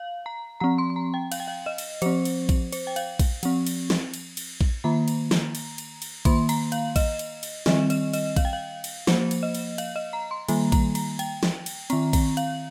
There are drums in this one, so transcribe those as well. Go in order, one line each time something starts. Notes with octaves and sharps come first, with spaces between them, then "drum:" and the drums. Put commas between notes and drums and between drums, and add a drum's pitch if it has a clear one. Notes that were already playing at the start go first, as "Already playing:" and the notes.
Already playing: F5
A#5
F3 C4 A#5
C6
C6
A#5
G5
F5, drum: cymbal
G5
F5
D#5
drum: cymbal
F3 C4 C5, drum: cymbal
drum: cymbal
drum: kick A#1, cymbal
C5, drum: cymbal
G5
F5, drum: cymbal
drum: kick A#1, cymbal
F3 C4, drum: cymbal
drum: cymbal
drum: snare
drum: cymbal
drum: cymbal
drum: kick A#1
D#3 A#3 A#5
drum: cymbal
drum: snare
drum: cymbal
drum: cymbal
drum: cymbal
D#3 A#3 C6, drum: kick A#1, cymbal
A#5, drum: cymbal
F5, drum: cymbal
D#5, drum: kick A#1, cymbal
drum: cymbal
drum: cymbal
D#3 G3 C4 D#5, drum: snare
D#5, drum: cymbal
D#5, drum: cymbal
F5, drum: kick A#1, cymbal
G5
F5
drum: cymbal
F3 A#3 C5, drum: snare
drum: cymbal
D#5
drum: cymbal
F5, drum: cymbal
D#5
A#5
C6
D#3 G3 A#3 A#5, drum: cymbal
A#5, drum: kick A#1, cymbal
A#5, drum: cymbal
G5, drum: cymbal
drum: snare
drum: cymbal
D#3 C4 A#5, drum: cymbal
A#5, drum: kick A#1, cymbal
F5, drum: cymbal